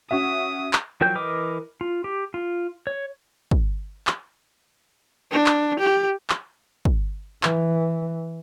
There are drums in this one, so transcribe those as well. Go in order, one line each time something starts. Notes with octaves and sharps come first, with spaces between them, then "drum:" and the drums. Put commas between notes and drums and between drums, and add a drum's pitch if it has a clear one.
C#4 F#4 E5 D#6
drum: clap
F3 F#3 A#4 G5 G6
E3 A#4 B4 D#5 D6
F4
G4
F4
C#5
drum: kick
drum: clap
D4
drum: clap
G4
drum: clap
drum: kick
E3, drum: clap